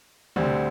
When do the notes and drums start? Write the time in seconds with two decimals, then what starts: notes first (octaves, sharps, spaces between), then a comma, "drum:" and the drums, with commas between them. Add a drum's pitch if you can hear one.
0.36 D2 D3 G3 C4, drum: tom